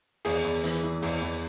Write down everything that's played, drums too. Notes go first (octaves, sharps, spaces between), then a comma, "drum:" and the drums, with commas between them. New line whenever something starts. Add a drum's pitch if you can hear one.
E2 G#4, drum: open hi-hat
E2
E3, drum: hi-hat
E3
E2, drum: open hi-hat
E2